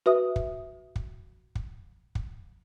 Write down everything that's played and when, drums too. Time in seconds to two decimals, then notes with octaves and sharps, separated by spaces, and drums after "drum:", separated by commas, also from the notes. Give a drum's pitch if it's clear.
0.06 F#4 B4 E5 D#6
0.36 drum: kick
0.96 drum: kick
1.55 drum: kick
2.15 drum: kick